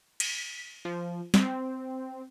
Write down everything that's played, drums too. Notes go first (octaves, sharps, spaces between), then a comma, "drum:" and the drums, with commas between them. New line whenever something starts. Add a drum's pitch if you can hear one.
B6, drum: cymbal
F3
C4, drum: snare G3